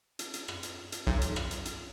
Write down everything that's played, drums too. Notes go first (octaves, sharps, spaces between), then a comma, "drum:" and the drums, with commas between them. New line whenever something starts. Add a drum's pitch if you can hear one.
drum: hi-hat
drum: hi-hat
drum: rim click
drum: hi-hat
drum: hi-hat
B1
drum: hi-hat
drum: rim click
drum: hi-hat
drum: hi-hat